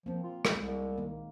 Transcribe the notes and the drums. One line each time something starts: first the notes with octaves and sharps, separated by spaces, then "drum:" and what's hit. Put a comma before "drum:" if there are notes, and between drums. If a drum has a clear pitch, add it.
F3 A#3 C4
F4
drum: rim click
C2 G#3
D#3 A#3